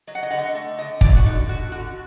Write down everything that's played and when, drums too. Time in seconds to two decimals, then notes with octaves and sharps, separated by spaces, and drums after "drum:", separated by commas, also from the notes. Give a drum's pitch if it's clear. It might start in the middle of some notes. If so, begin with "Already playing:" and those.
0.07 F#3 D#5
0.15 F#5
0.23 D#5
0.30 D3 F#5
0.38 D#5
0.55 A3
0.78 D3 D#5
1.01 F#3 D5, drum: kick
1.15 F#4
1.25 D3 D#4
1.49 A3 F#4
1.72 D3 F#4